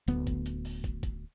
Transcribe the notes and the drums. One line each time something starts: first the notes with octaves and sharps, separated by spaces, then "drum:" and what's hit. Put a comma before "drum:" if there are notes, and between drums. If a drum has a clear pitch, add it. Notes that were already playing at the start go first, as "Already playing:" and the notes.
D1 D2 B3, drum: hi-hat
drum: kick, hi-hat
drum: hi-hat
drum: open hi-hat
drum: kick, hi-hat
drum: kick, hi-hat